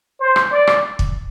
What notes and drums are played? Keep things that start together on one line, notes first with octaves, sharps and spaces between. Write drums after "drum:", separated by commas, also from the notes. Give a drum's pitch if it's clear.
C5
drum: rim click
D5
drum: rim click
drum: kick